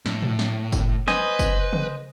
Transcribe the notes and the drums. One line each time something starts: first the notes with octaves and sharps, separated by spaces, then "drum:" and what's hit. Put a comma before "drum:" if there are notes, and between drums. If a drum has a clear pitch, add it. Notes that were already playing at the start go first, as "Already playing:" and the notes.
A2, drum: snare
drum: tom A2
drum: snare
drum: kick, tambourine
B4 C5 D#5 G#5, drum: snare
drum: kick, tambourine
drum: tom C#3